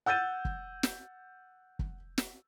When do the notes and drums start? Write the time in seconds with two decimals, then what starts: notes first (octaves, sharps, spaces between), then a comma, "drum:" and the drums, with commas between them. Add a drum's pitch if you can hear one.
0.06 F#5 E6 G6 A6 D#7
0.45 drum: kick
0.83 drum: snare
1.79 drum: kick
2.18 drum: snare